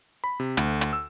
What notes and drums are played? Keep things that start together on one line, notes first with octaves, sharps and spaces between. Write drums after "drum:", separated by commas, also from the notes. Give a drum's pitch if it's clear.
B5
C3
D2, drum: hi-hat
drum: hi-hat
E6